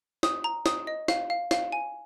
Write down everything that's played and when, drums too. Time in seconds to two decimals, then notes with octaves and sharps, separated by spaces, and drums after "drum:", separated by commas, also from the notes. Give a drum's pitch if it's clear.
0.23 D#6, drum: snare
0.44 A#5
0.66 D#6, drum: snare
0.87 D#5
1.08 F5, drum: snare
1.30 F5
1.51 F5, drum: snare
1.72 G#5